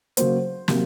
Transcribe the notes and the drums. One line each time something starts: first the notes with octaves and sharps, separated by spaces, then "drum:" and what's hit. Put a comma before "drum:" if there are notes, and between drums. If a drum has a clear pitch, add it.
C#3 F#3 A#3 C5, drum: hi-hat
C3 F#3 A#3, drum: snare